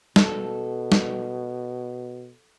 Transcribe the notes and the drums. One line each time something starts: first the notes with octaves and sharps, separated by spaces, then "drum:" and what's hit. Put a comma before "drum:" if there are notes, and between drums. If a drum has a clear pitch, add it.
B2 A4, drum: snare
drum: snare